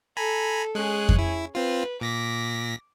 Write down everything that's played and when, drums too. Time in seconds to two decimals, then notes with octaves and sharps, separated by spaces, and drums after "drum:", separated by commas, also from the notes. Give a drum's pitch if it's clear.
0.17 A4 G#5 A#5 B5
0.75 G#3 C#4 G#4 F#6
1.09 drum: kick F2
1.18 E4
1.55 C4 F4 B4
2.01 A#2 D6 A#6 B6